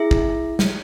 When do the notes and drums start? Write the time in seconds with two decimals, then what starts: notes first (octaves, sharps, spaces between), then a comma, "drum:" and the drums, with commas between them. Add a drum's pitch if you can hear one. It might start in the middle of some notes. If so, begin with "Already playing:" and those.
Already playing: E4 G#4 E5
0.11 drum: kick
0.59 drum: snare